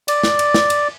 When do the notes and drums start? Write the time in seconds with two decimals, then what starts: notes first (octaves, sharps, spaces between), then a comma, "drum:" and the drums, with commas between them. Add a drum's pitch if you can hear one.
0.08 D5, drum: cymbal
0.23 drum: snare
0.39 drum: cymbal
0.54 drum: snare
0.70 drum: cymbal